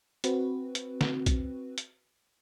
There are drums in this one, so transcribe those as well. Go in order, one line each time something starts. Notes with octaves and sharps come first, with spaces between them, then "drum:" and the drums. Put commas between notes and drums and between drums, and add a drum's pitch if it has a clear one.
C4 F#4 B4, drum: hi-hat
drum: hi-hat
drum: snare
drum: kick, hi-hat
drum: hi-hat